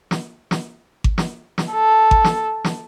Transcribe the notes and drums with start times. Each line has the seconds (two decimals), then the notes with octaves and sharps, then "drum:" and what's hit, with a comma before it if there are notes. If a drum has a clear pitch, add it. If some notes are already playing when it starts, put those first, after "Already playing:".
0.11 drum: snare
0.51 drum: snare
1.04 drum: kick G#1
1.18 drum: snare
1.58 drum: snare
1.71 A4
2.11 drum: kick G#1
2.24 drum: snare
2.64 drum: snare